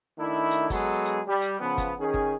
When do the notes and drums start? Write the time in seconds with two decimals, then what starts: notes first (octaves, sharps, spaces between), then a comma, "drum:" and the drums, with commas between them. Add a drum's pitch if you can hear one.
0.17 D#3 A3 D4 E4
0.51 drum: hi-hat
0.70 F#3 G#3 B3 G#4 A4, drum: kick G1, open hi-hat
1.05 drum: hi-hat
1.28 G3
1.41 drum: hi-hat
1.60 C#3 F3 B3
1.78 drum: kick G1, hi-hat
2.00 D#3 C#4 G#4
2.14 drum: kick G1